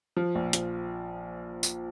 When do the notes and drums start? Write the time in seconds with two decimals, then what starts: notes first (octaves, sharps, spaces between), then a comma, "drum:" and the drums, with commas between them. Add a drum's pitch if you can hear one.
0.17 F3
0.35 A#1
0.53 F3, drum: hi-hat
1.63 drum: tambourine